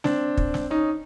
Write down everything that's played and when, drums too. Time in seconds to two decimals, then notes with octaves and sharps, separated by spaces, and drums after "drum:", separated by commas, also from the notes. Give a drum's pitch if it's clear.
0.04 C4 D4, drum: snare
0.37 drum: kick
0.54 drum: snare
0.70 C#4 D#4